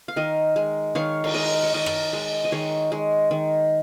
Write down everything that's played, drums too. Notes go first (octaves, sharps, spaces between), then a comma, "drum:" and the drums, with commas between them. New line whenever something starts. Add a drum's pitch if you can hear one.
F5
D#3 A#4 D#5
G#3
D#3 C#5 F5
F5, drum: cymbal
G#3 A#4 D#5
C#5
D#3 A#4 D#5
drum: rim click
G#3
D#5
D#3 G#4 C#5
G#3
D#3